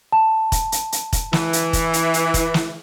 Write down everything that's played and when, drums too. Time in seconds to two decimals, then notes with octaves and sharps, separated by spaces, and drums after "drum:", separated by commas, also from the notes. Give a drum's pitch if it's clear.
0.12 A5
0.52 drum: kick, hi-hat
0.72 drum: hi-hat
0.92 drum: hi-hat
1.13 drum: kick, hi-hat
1.33 E3, drum: snare
1.53 drum: hi-hat
1.73 drum: kick, hi-hat
1.93 drum: hi-hat
2.14 drum: hi-hat
2.34 drum: kick, hi-hat
2.54 drum: snare